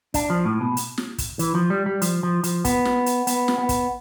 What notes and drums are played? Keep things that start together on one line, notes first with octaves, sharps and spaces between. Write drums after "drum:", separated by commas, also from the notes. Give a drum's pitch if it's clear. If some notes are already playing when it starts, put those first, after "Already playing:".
D4, drum: kick, hi-hat
F3
A2
B2
drum: hi-hat
drum: snare
drum: kick, hi-hat
E3, drum: hi-hat
F3
G3
G3
F3, drum: hi-hat
F3
F3, drum: hi-hat
B3, drum: kick, hi-hat
drum: snare
drum: hi-hat
B3, drum: hi-hat
drum: snare
B3
drum: kick, hi-hat